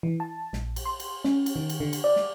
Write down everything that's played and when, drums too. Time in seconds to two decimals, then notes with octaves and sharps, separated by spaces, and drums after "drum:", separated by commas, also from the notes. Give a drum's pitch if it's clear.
0.03 E3
0.20 A5
0.53 A#1, drum: snare
0.76 drum: cymbal
0.85 C6
1.00 drum: cymbal
1.25 C#4, drum: snare
1.46 drum: cymbal
1.56 D#3
1.70 drum: cymbal
1.80 D3
1.93 drum: cymbal
2.04 D5
2.16 drum: snare